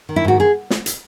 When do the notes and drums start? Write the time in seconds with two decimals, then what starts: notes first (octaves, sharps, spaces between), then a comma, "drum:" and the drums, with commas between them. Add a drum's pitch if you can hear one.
0.09 D#3
0.16 E4
0.25 G#2 F#4
0.40 G#4
0.70 drum: snare
0.86 drum: hi-hat